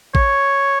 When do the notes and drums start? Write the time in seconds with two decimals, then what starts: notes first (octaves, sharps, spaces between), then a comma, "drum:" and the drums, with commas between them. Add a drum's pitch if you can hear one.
0.15 C#5, drum: kick